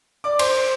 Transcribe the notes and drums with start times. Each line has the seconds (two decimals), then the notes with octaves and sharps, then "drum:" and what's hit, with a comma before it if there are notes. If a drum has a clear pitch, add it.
0.24 D5 D6
0.39 C5 C6, drum: cymbal